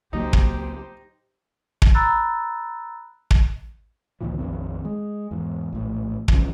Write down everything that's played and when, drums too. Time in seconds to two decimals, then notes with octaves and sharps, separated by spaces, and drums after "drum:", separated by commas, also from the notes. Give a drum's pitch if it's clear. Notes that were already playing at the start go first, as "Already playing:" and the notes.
0.13 C#2 F#3 A#3 D#4 G4 C5
0.33 drum: kick
1.82 drum: kick
1.94 A#5 B5 E6 F#6 A6
3.31 drum: kick
4.21 C#2 A#2 D#3 F3
4.38 A#1 F2 D#3 C4
4.85 G#3
5.31 E2 G#2
5.73 A#1 A2
6.28 E2 G2 C#3 F3, drum: kick